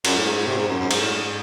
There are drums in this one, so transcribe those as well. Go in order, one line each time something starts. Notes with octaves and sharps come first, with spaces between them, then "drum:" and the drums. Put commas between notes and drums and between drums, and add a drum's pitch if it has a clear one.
F#2, drum: cymbal
A2
G#2
C3
G#2
F#2
F#2
G#2, drum: cymbal
A2
G#2